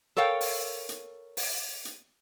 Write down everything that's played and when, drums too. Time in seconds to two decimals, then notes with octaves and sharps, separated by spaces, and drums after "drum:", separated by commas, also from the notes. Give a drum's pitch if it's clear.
0.17 A4 A#4 C#5 F5 G5
0.41 drum: open hi-hat
0.89 drum: hi-hat
1.37 drum: open hi-hat
1.85 drum: hi-hat